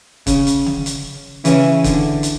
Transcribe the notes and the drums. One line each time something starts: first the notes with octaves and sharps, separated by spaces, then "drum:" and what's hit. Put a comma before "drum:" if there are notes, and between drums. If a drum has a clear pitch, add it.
C#3, drum: kick, hi-hat
drum: hi-hat
drum: tom C#3
drum: hi-hat
C#3 E3, drum: hi-hat
D3, drum: kick, hi-hat
drum: hi-hat